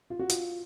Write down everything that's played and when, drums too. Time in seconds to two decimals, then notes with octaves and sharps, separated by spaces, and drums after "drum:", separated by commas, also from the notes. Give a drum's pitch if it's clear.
0.10 F4
0.19 F#4
0.29 F4, drum: hi-hat